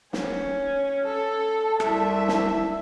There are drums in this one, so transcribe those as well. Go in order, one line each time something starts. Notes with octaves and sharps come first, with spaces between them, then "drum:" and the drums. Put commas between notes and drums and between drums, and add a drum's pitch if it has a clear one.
C#4, drum: snare
A4 A5
C2 E5, drum: rim click
drum: snare